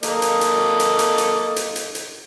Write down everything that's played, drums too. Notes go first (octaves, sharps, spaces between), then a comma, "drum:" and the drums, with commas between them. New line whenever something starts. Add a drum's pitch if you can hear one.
A#3 A4 D#5, drum: hi-hat
drum: hi-hat
drum: hi-hat
drum: hi-hat
drum: hi-hat
drum: hi-hat
drum: hi-hat
drum: hi-hat
drum: hi-hat